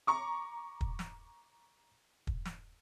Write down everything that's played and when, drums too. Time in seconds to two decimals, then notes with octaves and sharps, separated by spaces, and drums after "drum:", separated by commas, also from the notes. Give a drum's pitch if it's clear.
0.07 A#5 C#6 D6
0.81 drum: kick
0.99 drum: snare
2.27 drum: kick
2.45 drum: snare